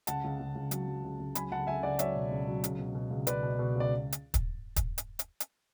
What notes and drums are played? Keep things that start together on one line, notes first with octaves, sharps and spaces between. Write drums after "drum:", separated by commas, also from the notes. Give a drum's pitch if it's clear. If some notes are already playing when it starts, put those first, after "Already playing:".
C#2 F#5 A5, drum: hi-hat
C#2
C#2
C#2
F#3, drum: hi-hat
F#3
C#2
C#2
F#3 G#5 B5, drum: hi-hat
C#2 F#5 A5
C#2 E5 G#5
C#2 D5 F#5
F#3 C#5 E5, drum: hi-hat
B2
C#2
F#3
C#2, drum: hi-hat
B2
B2
C#2
C#2 B4 D5, drum: hi-hat
B2
B2
C#2 D5
drum: hi-hat
drum: kick, hi-hat
drum: kick, hi-hat
drum: hi-hat
drum: hi-hat
drum: hi-hat